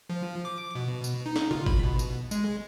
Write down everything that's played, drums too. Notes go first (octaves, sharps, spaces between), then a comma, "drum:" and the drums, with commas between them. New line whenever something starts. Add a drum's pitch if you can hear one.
F3
D6
B2
drum: tambourine
D#4
drum: snare
F4, drum: tom C#3
B5, drum: kick G1
B2
drum: tambourine
G#3, drum: tambourine